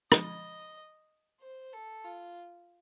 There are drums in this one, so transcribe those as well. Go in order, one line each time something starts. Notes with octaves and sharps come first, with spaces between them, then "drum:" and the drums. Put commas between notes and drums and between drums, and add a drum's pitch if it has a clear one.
D#5, drum: rim click
C5
A4
F4